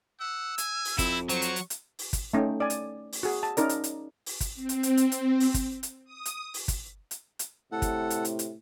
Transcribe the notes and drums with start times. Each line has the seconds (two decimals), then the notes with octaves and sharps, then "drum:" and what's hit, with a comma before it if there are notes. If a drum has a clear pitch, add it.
0.20 F#5 E6
0.58 G#5, drum: hi-hat
0.85 drum: open hi-hat
0.98 F2 C4 E4, drum: kick, hi-hat
1.29 F#3 C5 C#6, drum: hi-hat
1.42 drum: hi-hat
1.56 drum: hi-hat
1.70 drum: hi-hat
1.99 drum: open hi-hat
2.13 drum: kick, hi-hat
2.34 A3 C#4 D#4 G5
2.60 D5 G#5
2.70 drum: hi-hat
3.12 drum: open hi-hat
3.23 F#4 G#4
3.43 A5
3.57 C#4 D#4 A#4 D5, drum: hi-hat
3.69 drum: hi-hat
3.84 drum: hi-hat
4.26 drum: open hi-hat
4.41 drum: kick, hi-hat
4.55 C4
4.69 drum: hi-hat
4.83 drum: hi-hat
4.97 drum: hi-hat
5.12 drum: hi-hat
5.40 drum: open hi-hat
5.54 drum: kick, hi-hat
5.83 drum: hi-hat
6.05 D#6
6.25 drum: hi-hat
6.54 drum: open hi-hat
6.68 drum: kick, hi-hat
7.11 drum: hi-hat
7.39 drum: hi-hat
7.72 A2 C3 A4 F#5
7.82 drum: kick, hi-hat
8.10 drum: hi-hat
8.25 drum: hi-hat
8.39 drum: hi-hat